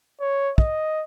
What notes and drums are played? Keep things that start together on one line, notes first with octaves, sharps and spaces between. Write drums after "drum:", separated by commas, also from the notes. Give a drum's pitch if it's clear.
C#5
D#5, drum: kick